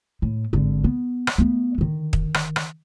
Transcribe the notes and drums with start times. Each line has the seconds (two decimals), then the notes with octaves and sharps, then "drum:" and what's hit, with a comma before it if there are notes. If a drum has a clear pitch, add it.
0.22 A2
0.53 G#1 D3
0.84 B3
1.27 drum: rim click
1.38 A3 B3
1.78 D3 D#3
2.13 drum: kick
2.34 drum: rim click
2.56 drum: rim click